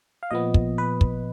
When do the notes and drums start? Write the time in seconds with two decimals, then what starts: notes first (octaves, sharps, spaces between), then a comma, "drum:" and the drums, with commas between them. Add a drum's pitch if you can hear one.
0.23 F5
0.31 A#2 F3 B3 D#5
0.54 drum: kick
0.78 B4
1.01 drum: kick